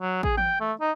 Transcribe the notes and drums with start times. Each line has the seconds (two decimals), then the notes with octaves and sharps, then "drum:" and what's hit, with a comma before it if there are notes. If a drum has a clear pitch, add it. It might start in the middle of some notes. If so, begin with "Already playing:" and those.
0.01 F#3
0.23 G#4, drum: kick A1
0.37 G5, drum: tom E3
0.60 A3
0.81 D#4